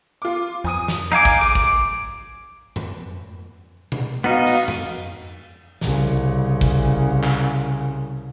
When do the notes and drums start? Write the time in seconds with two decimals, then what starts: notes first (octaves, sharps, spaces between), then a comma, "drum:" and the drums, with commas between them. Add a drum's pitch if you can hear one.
0.22 F4 D6
0.64 F2 G#5 D#6 D#7
0.88 drum: snare
1.12 D#4 F5 G#5 D6, drum: hi-hat
1.25 drum: kick
1.41 D6, drum: rim click
1.55 drum: kick
2.76 drum: tom F2
3.92 drum: tom B2
4.24 B3 D#4 F#4 D#5 F5
4.46 drum: cymbal
4.68 drum: tom F2
5.81 C2 C#3, drum: snare
6.61 drum: kick
7.23 drum: clap